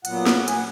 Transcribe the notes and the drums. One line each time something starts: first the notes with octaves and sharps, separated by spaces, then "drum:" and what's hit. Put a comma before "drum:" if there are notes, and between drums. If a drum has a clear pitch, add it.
A#2 F#3 B3 F#5, drum: hi-hat
drum: snare
G#5, drum: hi-hat
F#5